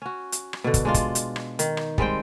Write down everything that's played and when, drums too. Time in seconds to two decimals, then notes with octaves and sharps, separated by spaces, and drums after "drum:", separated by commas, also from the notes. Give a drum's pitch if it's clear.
0.02 C#4 F#4
0.32 drum: hi-hat
0.53 drum: rim click
0.64 B2 D3
0.74 drum: kick, hi-hat
0.85 G#3 D4 F4
0.94 drum: kick, hi-hat
1.15 drum: hi-hat
1.36 drum: rim click
1.59 D#3, drum: hi-hat
1.77 drum: rim click
1.98 G3 G#3 C4 G5, drum: kick